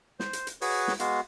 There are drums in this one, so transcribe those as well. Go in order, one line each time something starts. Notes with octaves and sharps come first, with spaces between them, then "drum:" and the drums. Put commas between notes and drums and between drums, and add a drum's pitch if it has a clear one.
C5, drum: snare
drum: hi-hat
drum: hi-hat
F#4 G#4 B4 C#5, drum: open hi-hat
drum: snare
G#3 B3 F#4 F5, drum: hi-hat